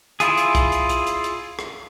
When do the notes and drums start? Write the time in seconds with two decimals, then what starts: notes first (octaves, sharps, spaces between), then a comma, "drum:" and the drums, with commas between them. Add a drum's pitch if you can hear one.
0.20 E4 F4 G#4, drum: hi-hat
0.37 drum: hi-hat
0.55 drum: kick, hi-hat
0.72 drum: hi-hat
0.89 drum: hi-hat
1.07 drum: hi-hat
1.24 drum: hi-hat
1.59 drum: rim click